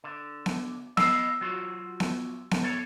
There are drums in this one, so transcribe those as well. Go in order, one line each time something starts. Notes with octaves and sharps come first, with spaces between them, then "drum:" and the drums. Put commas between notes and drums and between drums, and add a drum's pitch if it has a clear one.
D3
drum: snare B3
D#5 F5 B5 E6, drum: snare B3
F#3 F4 F#4
drum: snare B3
drum: snare B3
A4 C#5